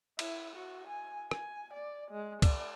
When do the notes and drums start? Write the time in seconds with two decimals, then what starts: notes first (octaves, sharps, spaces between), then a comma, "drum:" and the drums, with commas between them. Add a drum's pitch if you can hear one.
0.19 E4, drum: cymbal
0.56 F#4
0.88 G#5
1.31 G#5, drum: rim click
1.74 D5
2.11 G#3
2.42 D5, drum: kick, cymbal